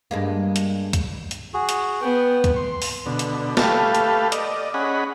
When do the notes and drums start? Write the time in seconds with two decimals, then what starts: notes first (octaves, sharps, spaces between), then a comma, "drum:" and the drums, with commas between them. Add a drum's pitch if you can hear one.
0.11 G2 G#3 A#3
0.56 drum: hi-hat
0.93 drum: kick, hi-hat
1.31 drum: hi-hat
1.54 F#4 G#4
1.69 drum: hi-hat
2.02 B3 G5
2.44 drum: kick, hi-hat
2.56 C6
2.82 drum: open hi-hat
3.06 B2 D3
3.19 drum: hi-hat
3.57 A3 G4 A4 B4 F5, drum: snare
3.95 drum: hi-hat
4.32 D5 D#5, drum: hi-hat
4.74 C#4 G#4 D#5 F#5 B5